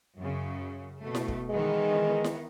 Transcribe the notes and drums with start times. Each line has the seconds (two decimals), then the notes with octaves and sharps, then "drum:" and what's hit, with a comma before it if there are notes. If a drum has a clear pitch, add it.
0.18 F#2 C#3
1.01 B2 A3
1.15 drum: snare E4
1.28 drum: kick
1.50 D#3 E3 G#3 B3
2.24 drum: snare E4